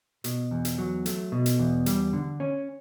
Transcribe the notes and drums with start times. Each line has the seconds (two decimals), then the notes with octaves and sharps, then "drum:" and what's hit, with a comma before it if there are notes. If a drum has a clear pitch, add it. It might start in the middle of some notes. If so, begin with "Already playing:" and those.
0.24 B2, drum: hi-hat
0.51 E2
0.65 drum: hi-hat
0.78 F#3
1.06 A3, drum: hi-hat
1.32 B2
1.46 drum: hi-hat
1.59 E2
1.86 G3, drum: hi-hat
2.13 D3
2.40 C#4